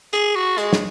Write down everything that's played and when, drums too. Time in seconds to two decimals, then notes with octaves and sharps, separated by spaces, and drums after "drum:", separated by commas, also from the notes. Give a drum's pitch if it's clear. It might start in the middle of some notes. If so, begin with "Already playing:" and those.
0.13 G#4, drum: hi-hat
0.35 F#4
0.58 G#3, drum: hi-hat
0.73 drum: snare